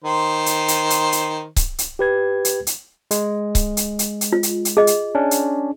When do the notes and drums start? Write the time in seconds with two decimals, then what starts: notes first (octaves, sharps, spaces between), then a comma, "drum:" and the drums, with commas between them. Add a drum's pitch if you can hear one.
0.04 D#3 C5
0.46 drum: hi-hat
0.68 drum: hi-hat
0.90 drum: hi-hat
1.12 drum: hi-hat
1.56 drum: kick C#1, hi-hat
1.78 drum: hi-hat
1.99 G4 B4 G#6
2.45 drum: hi-hat
2.67 drum: hi-hat
3.11 G#3, drum: hi-hat
3.55 drum: kick C#1, hi-hat
3.77 drum: hi-hat
3.99 drum: hi-hat
4.21 drum: hi-hat
4.32 F4
4.43 drum: hi-hat
4.65 drum: hi-hat
4.77 G#4 D#5
4.87 drum: hi-hat
5.15 C#4 D4
5.31 drum: hi-hat